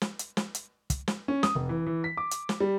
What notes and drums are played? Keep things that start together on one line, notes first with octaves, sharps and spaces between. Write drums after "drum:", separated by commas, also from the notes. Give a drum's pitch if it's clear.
drum: snare
drum: hi-hat
drum: snare
drum: hi-hat
drum: kick, hi-hat
drum: snare
C#4
D#6, drum: snare
F1
E3
E3
B6
D6
drum: hi-hat
drum: snare
G3